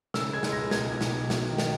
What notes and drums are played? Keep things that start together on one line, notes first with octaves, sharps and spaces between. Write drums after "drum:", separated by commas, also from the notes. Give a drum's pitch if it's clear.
C#3 E6, drum: snare
G#3 G#6
drum: snare
C#2 A#6
B1 G#6, drum: snare
B1
drum: snare
B1
F#3, drum: snare
D#3
drum: snare